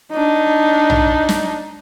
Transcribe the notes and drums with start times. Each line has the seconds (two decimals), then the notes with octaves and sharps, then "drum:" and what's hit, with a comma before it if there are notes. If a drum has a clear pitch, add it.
0.12 D4 D#4
0.90 drum: tom
1.29 drum: snare